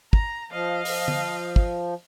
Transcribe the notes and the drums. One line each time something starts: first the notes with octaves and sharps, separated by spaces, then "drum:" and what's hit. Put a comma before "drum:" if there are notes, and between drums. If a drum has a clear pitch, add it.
A#5, drum: kick
F3 D#5 F5
F3, drum: open hi-hat
drum: tom
drum: kick